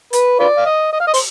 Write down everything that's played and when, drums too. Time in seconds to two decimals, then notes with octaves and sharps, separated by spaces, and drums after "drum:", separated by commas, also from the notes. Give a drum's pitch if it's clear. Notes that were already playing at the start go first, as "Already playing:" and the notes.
0.13 B4, drum: hi-hat
0.39 F4 B4 D5
0.57 F5
0.66 D#5
0.93 D#5
1.00 F5
1.07 D#5
1.14 C5, drum: open hi-hat